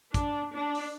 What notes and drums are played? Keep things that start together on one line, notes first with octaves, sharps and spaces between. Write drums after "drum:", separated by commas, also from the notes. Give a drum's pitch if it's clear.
D4, drum: kick, hi-hat
D4
drum: open hi-hat